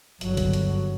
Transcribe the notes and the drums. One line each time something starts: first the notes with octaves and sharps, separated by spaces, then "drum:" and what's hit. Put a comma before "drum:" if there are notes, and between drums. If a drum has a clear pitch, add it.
G1 F#3, drum: hi-hat
drum: kick, hi-hat
drum: hi-hat